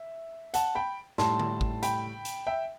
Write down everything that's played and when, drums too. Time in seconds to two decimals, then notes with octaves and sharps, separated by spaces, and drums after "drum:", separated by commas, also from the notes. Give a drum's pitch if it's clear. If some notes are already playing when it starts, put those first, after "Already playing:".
Already playing: E5
0.54 F#5 A5, drum: hi-hat
0.75 G5 B5
1.18 A2 G3 A5 C6, drum: snare
1.40 drum: tom
1.61 drum: kick G#1
1.82 G5 B5, drum: hi-hat
2.25 drum: hi-hat
2.47 E5 G5